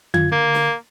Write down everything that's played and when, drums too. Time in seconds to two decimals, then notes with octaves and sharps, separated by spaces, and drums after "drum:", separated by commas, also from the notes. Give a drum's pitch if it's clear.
0.14 F#2 F4 G#6, drum: tom D3
0.32 D3 A#3
0.54 drum: snare